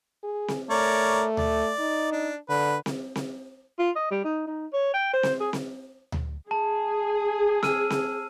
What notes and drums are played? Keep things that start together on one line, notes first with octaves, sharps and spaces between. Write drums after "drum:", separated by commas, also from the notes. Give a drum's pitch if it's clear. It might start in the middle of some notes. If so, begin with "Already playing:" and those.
G#4
drum: snare C4
A3 A#4 C#5 D5
D5, drum: tom D2
D#4
D4
D3 B4
drum: snare C4
drum: snare C4
F4
D#5
G3
D#4
D#4
C#5
G5
C5
drum: snare C4
G#4
drum: snare C4
drum: tom D2
G#4 A5
E6 F6 D#7, drum: snare C4
drum: snare C4